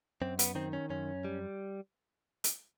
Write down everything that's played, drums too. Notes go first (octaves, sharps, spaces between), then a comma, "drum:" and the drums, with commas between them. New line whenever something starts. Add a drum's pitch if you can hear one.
F#2 C4
B3, drum: hi-hat
D#3 C4
C#4
F#2 C#4
G3
drum: hi-hat